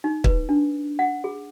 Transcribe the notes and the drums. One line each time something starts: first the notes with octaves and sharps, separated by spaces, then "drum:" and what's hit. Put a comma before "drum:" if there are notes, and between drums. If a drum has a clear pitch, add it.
D#4
B4, drum: kick
D4
F#5
G#4